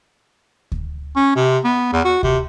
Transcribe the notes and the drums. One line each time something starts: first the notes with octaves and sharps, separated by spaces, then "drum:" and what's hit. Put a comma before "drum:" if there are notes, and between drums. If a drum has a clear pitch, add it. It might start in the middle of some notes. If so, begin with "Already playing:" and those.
drum: kick D2
C#4
C3
B3
E2
F#4
C3, drum: kick D2